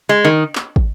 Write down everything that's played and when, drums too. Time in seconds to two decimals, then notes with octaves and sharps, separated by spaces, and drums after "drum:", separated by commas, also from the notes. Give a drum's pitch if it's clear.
0.09 G#3
0.25 D#3
0.55 drum: clap
0.76 drum: kick